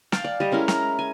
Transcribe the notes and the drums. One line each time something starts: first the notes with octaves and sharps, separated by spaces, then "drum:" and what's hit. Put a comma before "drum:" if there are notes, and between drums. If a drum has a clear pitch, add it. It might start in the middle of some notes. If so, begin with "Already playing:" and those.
F5 G5 A5, drum: snare
D5
G3 D#5
G#3 C#4 E4 A#4
A#5, drum: snare
G#5